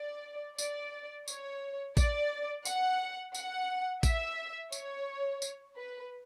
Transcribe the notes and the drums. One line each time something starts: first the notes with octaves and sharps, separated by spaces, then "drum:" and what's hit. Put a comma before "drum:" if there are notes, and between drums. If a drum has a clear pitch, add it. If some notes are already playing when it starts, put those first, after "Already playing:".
Already playing: D5
D5, drum: tambourine
C#5, drum: tambourine
D5, drum: kick A1, tambourine
F#5, drum: tambourine
F#5, drum: tambourine
E5, drum: kick A1, tambourine
C#5, drum: tambourine
drum: tambourine
B4